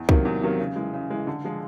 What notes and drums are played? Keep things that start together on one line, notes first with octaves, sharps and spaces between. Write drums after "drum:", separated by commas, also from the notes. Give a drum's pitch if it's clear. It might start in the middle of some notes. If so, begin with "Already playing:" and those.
Already playing: E2
C3 D#3 F#3 A#3, drum: kick
E2
C3 D#3 F#3 A#3
C#3
E3 G#3
C#3
E3 G#3
D3
F3 G#3